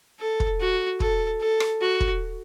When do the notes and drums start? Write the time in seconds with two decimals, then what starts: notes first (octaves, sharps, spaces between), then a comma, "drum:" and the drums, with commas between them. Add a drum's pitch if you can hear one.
0.20 A4
0.40 drum: kick
0.60 F#4
1.00 A4, drum: kick
1.40 A4
1.60 drum: rim click
1.81 F#4
2.00 drum: kick